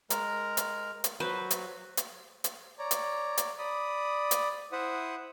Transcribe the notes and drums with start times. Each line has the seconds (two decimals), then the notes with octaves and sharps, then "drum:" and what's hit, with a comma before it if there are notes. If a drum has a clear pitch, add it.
0.10 G#3 A#4 A#5, drum: hi-hat
0.57 drum: hi-hat
1.04 drum: hi-hat
1.20 F#3 F#4 B4 C5
1.51 drum: hi-hat
1.97 drum: hi-hat
2.44 drum: hi-hat
2.79 C#5 D5 A#5
2.91 drum: hi-hat
3.37 drum: hi-hat
3.59 D5 B5 D#6
4.31 drum: hi-hat
4.72 E4 C5 E5 F#5 D#6